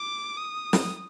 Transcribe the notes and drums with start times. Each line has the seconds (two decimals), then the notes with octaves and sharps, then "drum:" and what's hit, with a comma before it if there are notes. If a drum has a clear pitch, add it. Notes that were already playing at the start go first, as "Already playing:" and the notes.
Already playing: D6
0.37 D#6
0.73 drum: snare